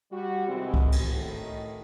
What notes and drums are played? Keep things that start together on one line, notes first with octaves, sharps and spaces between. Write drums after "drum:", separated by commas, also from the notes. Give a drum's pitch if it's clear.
G3 F#4
E2 C3 D#3 E3 G#3 C4
drum: kick C2
drum: cymbal
A2 D#3